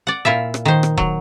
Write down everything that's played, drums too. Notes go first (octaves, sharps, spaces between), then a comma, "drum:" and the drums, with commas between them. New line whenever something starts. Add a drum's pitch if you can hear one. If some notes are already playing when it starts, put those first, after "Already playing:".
D5 F#5
A#2 E4 F4 E5
drum: rim click
D#3 C5
drum: rim click
F#3, drum: kick E1